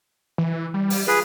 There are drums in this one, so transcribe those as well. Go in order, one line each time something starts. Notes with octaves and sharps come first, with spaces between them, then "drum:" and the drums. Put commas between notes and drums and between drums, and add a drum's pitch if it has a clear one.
E3
G3
drum: open hi-hat
F4 G#4 B4